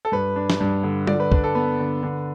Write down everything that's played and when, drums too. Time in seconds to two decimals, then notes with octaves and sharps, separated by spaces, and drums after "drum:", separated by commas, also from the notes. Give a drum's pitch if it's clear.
0.05 A4
0.12 G2 B4
0.36 D4
0.50 drum: snare
0.60 G2
0.84 D3
1.07 D3 D5, drum: tom G3
1.20 B4
1.32 D4 B4, drum: kick
1.44 A4
1.55 B3 B4
1.80 D3
2.03 D3